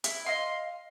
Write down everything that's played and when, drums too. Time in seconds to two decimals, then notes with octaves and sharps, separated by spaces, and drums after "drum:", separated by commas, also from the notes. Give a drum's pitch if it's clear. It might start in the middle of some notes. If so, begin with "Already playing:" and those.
0.04 E4, drum: hi-hat
0.26 D#5 F5 C6